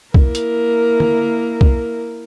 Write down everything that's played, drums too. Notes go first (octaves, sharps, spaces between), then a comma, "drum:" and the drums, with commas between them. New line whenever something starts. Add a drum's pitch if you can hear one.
A#3 E4 A#4, drum: kick B1
drum: hi-hat
drum: tom D3
drum: kick B1